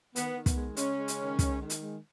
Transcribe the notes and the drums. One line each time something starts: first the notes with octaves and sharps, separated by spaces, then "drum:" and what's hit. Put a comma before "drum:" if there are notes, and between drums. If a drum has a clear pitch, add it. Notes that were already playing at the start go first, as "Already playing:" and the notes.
D#3 B3, drum: hi-hat
D#3
B3, drum: kick, hi-hat
G#3
C#3 G#3 C#4, drum: hi-hat
G#3
drum: hi-hat
D#3
G#3, drum: kick, hi-hat
D#3
drum: hi-hat
G#3